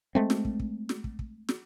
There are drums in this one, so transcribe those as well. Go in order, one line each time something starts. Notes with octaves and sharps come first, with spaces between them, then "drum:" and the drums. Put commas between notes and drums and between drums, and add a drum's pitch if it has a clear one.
G#3 A3 C4
drum: snare
drum: kick
drum: kick
drum: snare
drum: kick
drum: kick
drum: snare